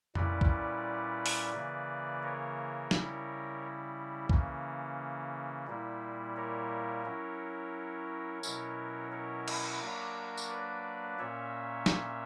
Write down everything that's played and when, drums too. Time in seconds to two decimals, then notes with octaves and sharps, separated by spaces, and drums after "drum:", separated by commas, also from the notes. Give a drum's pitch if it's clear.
0.15 A#2 G3 C#4 E4 B4 D5, drum: tom F2
0.41 drum: kick
1.26 drum: open hi-hat
1.53 C#3 E3 A#3
2.23 A#4 C#5
2.91 C#3 G3 C#4 E4, drum: snare
4.29 C#3 E3 A#3 C#4, drum: kick
5.67 A#2 G3 A#3 E4
6.36 A#4 C#5
7.05 F#3 C#4 E4
8.43 B2 F#3 C#4 E4, drum: tambourine
9.12 A#4 C#5
9.48 drum: cymbal
9.81 F#3 A#3 D4
10.37 drum: tambourine
10.50 B4 D5
11.19 A#2 A#3 C#4 C#5 E5
11.86 drum: snare